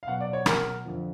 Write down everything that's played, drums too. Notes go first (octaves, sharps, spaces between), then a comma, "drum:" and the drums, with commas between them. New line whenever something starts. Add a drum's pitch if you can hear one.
F5
B2 F#3 F#5
D5
C#5
A#4, drum: rim click
F2 D3 F3